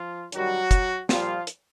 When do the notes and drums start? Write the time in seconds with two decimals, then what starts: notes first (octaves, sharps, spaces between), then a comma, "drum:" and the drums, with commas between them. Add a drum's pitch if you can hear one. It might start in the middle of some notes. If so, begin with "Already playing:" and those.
Already playing: F3 F4
0.32 F#2 D#3 F#3 G3 F#4, drum: hi-hat
0.71 drum: kick, hi-hat
1.09 A#2 F3 G3 F4, drum: snare
1.47 drum: hi-hat